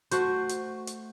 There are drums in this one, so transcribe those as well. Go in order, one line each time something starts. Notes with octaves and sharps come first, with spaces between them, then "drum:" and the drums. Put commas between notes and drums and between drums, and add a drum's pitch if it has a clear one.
A3 F#4 C5, drum: hi-hat
drum: hi-hat
drum: hi-hat